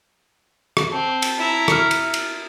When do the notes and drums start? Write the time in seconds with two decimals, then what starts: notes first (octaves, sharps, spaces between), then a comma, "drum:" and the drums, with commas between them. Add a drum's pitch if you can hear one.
0.77 drum: rim click
0.92 C4 A5
1.22 drum: cymbal
1.38 E4 A#5
1.68 F6 C#7, drum: rim click
1.91 drum: cymbal
2.14 drum: cymbal